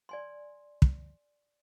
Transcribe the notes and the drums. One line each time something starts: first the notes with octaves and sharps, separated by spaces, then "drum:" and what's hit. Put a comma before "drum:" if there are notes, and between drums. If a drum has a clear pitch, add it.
D5 G#5 C6
drum: kick